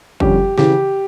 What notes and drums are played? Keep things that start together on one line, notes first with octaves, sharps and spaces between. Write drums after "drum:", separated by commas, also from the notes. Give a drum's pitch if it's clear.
F2 D3 G3 C#4 G4, drum: kick F#1
C#3 E3 G4, drum: snare